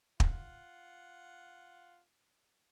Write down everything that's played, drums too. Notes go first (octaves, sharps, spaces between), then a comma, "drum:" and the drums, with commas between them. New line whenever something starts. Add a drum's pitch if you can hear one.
F4 F#5, drum: kick